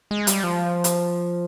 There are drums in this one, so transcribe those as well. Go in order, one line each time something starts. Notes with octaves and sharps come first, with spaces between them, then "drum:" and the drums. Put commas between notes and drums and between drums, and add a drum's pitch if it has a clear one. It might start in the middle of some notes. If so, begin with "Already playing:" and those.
G#3
G3, drum: hi-hat
F3
drum: hi-hat